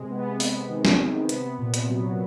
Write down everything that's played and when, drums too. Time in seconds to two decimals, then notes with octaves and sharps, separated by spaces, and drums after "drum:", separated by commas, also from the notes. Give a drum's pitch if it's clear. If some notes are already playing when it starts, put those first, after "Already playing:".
Already playing: C3 G#3
0.10 B3
0.40 B3, drum: open hi-hat
0.69 D#3
0.85 drum: snare
1.00 C3
1.29 B3, drum: hi-hat
1.59 A#2
1.74 drum: hi-hat
1.89 F#3